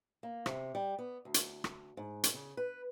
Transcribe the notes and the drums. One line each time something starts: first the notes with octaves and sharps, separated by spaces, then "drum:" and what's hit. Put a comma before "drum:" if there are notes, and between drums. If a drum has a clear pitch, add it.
A#3
C3, drum: rim click
G3
B3
D2
drum: hi-hat
drum: rim click
G#2
drum: hi-hat
C#3
B4